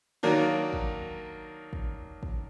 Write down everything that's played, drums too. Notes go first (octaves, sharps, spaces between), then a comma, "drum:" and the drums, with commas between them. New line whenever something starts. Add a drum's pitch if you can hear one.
D#3 F#3 A#3 D4
drum: kick
drum: kick
drum: kick